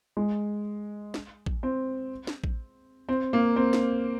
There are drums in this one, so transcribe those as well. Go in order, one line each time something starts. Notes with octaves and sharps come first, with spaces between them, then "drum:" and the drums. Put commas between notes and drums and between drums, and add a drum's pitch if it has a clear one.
G#3
drum: snare
drum: kick A1
C4
drum: snare
drum: kick A1
C4
A#3
C4
drum: snare